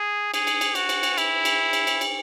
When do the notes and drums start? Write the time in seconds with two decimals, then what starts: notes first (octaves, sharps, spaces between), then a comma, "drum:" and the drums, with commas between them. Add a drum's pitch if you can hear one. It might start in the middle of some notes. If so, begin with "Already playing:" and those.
Already playing: G#4
0.34 G#4, drum: cymbal
0.47 drum: cymbal
0.61 drum: cymbal
0.75 F#4, drum: cymbal
0.89 drum: cymbal
1.03 drum: cymbal
1.18 E4, drum: cymbal
1.45 drum: cymbal
1.73 drum: cymbal
1.87 drum: cymbal
2.01 drum: cymbal